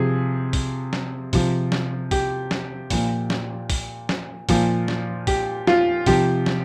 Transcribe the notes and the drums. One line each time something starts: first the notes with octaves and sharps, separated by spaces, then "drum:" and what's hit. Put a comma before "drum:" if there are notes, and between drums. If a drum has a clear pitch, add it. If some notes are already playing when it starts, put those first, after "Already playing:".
Already playing: C3 F3 G#4
drum: kick, open hi-hat
drum: snare
C3 F3, drum: kick, open hi-hat
drum: snare
G4, drum: kick, open hi-hat
drum: snare
A#2 F3, drum: kick, open hi-hat
drum: snare
drum: kick, open hi-hat
drum: snare
A#2 F3, drum: kick, open hi-hat
drum: snare
G4, drum: kick, open hi-hat
F4, drum: snare
C3 F3 G4, drum: kick, open hi-hat
drum: snare